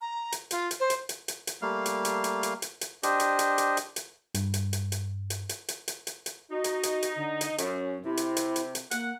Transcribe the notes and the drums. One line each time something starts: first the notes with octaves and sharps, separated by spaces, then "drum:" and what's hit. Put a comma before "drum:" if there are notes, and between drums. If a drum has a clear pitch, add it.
A#5
drum: hi-hat
F4, drum: hi-hat
drum: hi-hat
C5
drum: hi-hat
drum: hi-hat
drum: hi-hat
drum: hi-hat
G3 A3 A#3 F5
drum: hi-hat
drum: hi-hat
drum: hi-hat
drum: hi-hat
drum: hi-hat
drum: hi-hat
D4 G4 C5 D#5, drum: hi-hat
drum: hi-hat
drum: hi-hat
drum: hi-hat
drum: hi-hat
drum: hi-hat
G2, drum: hi-hat
drum: hi-hat
drum: hi-hat
drum: hi-hat
drum: hi-hat
drum: hi-hat
drum: hi-hat
drum: hi-hat
drum: hi-hat
drum: hi-hat
D#4 F#4
drum: hi-hat
drum: hi-hat
drum: hi-hat
D3
drum: hi-hat
F#2 C#4, drum: hi-hat
C3 E4
drum: hi-hat
drum: hi-hat
drum: hi-hat
drum: hi-hat
A#3 F#5, drum: hi-hat